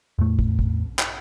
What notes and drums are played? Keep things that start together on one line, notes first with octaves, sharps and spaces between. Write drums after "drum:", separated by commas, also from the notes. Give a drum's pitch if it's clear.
E2 A2 A3
drum: kick
drum: kick
drum: clap